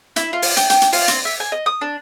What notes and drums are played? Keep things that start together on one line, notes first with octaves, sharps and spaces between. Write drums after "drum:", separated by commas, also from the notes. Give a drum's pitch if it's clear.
E4, drum: hi-hat
F4
drum: open hi-hat
G5, drum: hi-hat
G5, drum: hi-hat
drum: hi-hat
F4, drum: open hi-hat
C4, drum: hi-hat
E5
G#5
D#5
D#6
D4